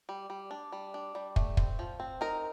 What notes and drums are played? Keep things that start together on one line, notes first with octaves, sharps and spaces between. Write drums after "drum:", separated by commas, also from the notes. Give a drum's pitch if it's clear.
G3
G3
D4
G3
D4
G3
A3, drum: kick
C4, drum: kick
F3
C4
D#4 A#4